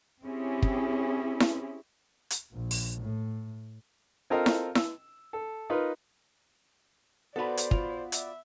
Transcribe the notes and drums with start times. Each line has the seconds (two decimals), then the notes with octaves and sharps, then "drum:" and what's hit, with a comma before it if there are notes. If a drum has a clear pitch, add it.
0.23 C4 C#4 E4 G4 G#4
0.62 drum: kick
1.40 drum: snare E4
2.30 drum: hi-hat
2.52 A#1
2.71 drum: open hi-hat
3.01 A2
4.30 C4 F4 A4 A#4 D#5 F5
4.46 drum: snare E4
4.75 E6, drum: snare E4
5.33 A4
5.70 D#4 F4 A#4 B4
7.36 B3 F#4 A4 B4 C5 D5 B5
7.57 drum: hi-hat
7.71 F4, drum: kick
8.12 D5 E5, drum: hi-hat